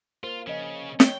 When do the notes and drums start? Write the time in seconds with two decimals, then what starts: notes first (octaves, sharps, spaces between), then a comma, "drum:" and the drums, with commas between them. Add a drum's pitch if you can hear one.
0.24 A#3 F4 A#4 C5
0.47 C#3 F3 C#4 D#5
1.00 C#5 G5, drum: snare